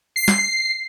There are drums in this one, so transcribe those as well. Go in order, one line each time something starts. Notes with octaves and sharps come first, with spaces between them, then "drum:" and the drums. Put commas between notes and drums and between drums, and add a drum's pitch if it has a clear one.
C7
drum: snare